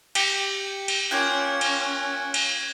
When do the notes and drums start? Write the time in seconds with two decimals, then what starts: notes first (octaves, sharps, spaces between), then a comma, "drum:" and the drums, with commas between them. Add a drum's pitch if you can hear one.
0.15 G4 G6 C#7 F#7, drum: cymbal
0.88 drum: cymbal
1.11 A#3 C#4 F4 G5 F#6 G#6 D7
1.61 drum: cymbal
2.34 drum: cymbal